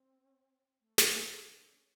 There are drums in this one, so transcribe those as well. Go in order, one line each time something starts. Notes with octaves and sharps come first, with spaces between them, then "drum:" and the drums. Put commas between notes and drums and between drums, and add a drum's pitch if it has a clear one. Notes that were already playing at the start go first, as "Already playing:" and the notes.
Already playing: C4
A3
A#3, drum: snare
C4
C#4
D4
C#4